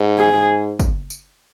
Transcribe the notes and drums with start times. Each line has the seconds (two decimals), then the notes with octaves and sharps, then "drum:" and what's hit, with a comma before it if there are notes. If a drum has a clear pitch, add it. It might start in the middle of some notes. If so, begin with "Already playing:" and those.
Already playing: G#2
0.18 G#4
0.33 G#2
0.79 drum: kick, tambourine
1.10 drum: tambourine